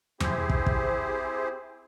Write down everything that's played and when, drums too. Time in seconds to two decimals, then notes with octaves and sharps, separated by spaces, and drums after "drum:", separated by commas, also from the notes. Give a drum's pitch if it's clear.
0.20 C4 E4 G4 G#4 C5, drum: tom E2
0.50 drum: kick
0.66 drum: kick